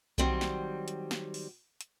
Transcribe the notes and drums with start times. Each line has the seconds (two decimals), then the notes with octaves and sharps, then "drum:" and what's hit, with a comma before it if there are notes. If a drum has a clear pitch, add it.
0.18 D#3 F#3 G3 C4, drum: kick B1
0.41 drum: snare
0.88 drum: hi-hat
1.11 drum: snare
1.34 drum: open hi-hat
1.81 drum: hi-hat